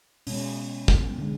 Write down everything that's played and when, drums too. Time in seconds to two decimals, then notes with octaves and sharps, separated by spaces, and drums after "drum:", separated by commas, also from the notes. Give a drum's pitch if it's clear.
0.27 B2 G#3 C#4, drum: open hi-hat
0.88 drum: kick
1.19 D3 G#3